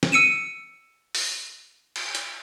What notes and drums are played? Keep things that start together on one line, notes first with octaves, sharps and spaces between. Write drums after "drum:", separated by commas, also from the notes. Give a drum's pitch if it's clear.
drum: snare
E6 C#7 D#7 E7
drum: open hi-hat
drum: cymbal
drum: hi-hat